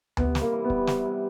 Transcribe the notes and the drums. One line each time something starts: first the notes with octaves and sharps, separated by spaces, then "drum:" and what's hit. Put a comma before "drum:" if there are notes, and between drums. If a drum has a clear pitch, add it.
C3 B3, drum: tom D2
G3, drum: snare
A#3
E3
B3
G3, drum: kick
C3, drum: snare
C3